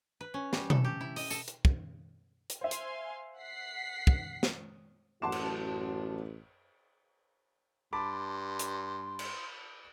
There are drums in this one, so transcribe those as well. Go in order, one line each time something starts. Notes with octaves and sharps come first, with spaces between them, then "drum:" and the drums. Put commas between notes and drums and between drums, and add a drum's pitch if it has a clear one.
B4
C#4
G3, drum: snare
A4, drum: tom B2
G4
E4
D#5, drum: open hi-hat
A4, drum: tambourine
drum: hi-hat
drum: kick
drum: hi-hat
C5 E5 F5 G#5 C6
drum: hi-hat
F#5 B6 C7
drum: kick
drum: snare
A1 F#2 F#4 F#5 A5 C6 D6 E7
drum: cymbal
G2 A5 B5 C6 D6
drum: hi-hat
drum: cymbal